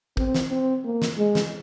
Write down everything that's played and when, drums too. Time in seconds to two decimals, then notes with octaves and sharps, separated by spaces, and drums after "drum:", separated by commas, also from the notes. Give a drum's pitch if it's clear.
0.17 C4, drum: kick
0.34 drum: snare
0.51 C4
0.85 A#3
1.02 drum: snare
1.18 G#3
1.35 drum: snare